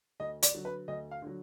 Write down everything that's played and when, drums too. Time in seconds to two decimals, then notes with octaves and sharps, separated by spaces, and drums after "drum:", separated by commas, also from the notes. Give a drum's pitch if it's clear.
0.20 D2 D#5
0.42 D5, drum: hi-hat
0.54 D3 F#3
0.65 B4
0.88 D2 D#5
1.11 F5
1.22 D3 F#3